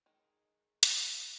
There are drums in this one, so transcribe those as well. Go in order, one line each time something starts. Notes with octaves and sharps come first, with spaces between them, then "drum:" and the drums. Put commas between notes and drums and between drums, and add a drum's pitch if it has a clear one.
D#3 G#3
drum: hi-hat
A#3 F4 C5